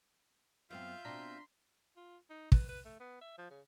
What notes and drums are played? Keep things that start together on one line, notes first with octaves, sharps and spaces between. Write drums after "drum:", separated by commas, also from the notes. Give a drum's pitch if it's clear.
F#2 B3 C4 F4 E5 F5 G6
B2 C4 D4 A#5 C6 B6
F4
D#4
B4, drum: kick
B4
A3
B3
E5
F3
C#3